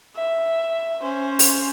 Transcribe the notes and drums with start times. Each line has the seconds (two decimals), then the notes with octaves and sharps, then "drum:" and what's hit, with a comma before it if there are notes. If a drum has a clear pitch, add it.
0.16 E5
1.02 C#4 C5
1.39 drum: open hi-hat